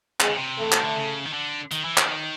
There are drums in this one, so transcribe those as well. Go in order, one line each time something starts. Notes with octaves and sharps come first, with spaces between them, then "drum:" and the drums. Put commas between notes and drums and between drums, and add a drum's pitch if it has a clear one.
C3 G#3, drum: clap
C#3
C3
E3 A3
D#3, drum: clap
D3
C#3
D#3
D3
D#3, drum: hi-hat
E3
D#3, drum: clap